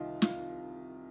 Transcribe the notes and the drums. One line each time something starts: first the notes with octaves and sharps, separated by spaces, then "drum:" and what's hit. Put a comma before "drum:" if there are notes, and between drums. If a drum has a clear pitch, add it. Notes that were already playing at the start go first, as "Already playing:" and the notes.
Already playing: C2 C3 D#3 D#4 F4
F4, drum: snare